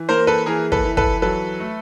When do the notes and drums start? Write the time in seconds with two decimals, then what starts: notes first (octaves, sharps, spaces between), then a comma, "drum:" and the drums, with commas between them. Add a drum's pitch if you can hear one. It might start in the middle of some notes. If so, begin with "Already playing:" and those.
Already playing: E3
0.09 A#3 A#4 C5
0.27 A4 B4
0.46 E3 G#4 A#4
0.72 A4 B4, drum: kick
0.85 E3
0.97 A4 B4, drum: kick
1.22 F#3 A4 B4
1.60 A3